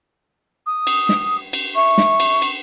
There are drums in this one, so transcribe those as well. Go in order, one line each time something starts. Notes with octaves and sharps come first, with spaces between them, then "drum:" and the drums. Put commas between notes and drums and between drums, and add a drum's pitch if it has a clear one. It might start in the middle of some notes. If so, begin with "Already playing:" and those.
D#6
drum: cymbal
drum: snare
drum: cymbal
E5 C#6
drum: snare
drum: cymbal
drum: cymbal